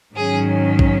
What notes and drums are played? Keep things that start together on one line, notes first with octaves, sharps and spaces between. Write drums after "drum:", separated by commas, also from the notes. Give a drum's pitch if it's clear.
G#2 D#3 F#3 C#4 G#4
drum: kick